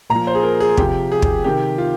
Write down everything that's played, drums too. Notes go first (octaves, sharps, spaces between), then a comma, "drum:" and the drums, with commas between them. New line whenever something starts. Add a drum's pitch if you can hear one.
A#2 A#5
F3
C5
G#4
A#4
G#4
C3 F3 G4, drum: kick
G#4
drum: kick
C3 D#3 G4
F4